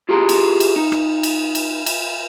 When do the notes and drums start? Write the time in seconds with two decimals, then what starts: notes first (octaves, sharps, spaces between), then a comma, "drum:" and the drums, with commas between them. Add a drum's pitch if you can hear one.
0.09 E4 F4 G4 G#4 A#5 C6
0.29 drum: cymbal
0.60 drum: cymbal
0.76 D#4
0.92 drum: rim click
1.23 drum: cymbal
1.55 drum: cymbal
1.86 drum: cymbal